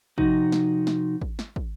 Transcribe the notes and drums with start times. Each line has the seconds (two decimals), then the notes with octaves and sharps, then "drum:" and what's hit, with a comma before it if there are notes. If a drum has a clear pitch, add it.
0.18 C3 F3 D#4 F#4, drum: kick
0.52 drum: snare
0.87 drum: snare
1.22 drum: kick
1.39 drum: snare
1.56 drum: kick